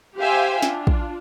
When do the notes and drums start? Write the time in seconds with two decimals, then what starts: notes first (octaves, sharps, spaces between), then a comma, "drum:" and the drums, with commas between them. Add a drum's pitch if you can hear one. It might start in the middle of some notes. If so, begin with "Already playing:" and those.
0.18 G4 C5 E5 F5 G5 G#5
0.62 D4 F4, drum: snare
0.87 drum: kick